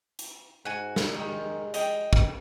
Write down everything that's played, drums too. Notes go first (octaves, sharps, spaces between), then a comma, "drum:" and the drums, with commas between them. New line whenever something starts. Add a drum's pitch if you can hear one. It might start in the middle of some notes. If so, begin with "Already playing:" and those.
drum: hi-hat
G#2 F#4 G#5
drum: snare
D#3 G#3
D#5 G5, drum: hi-hat
drum: kick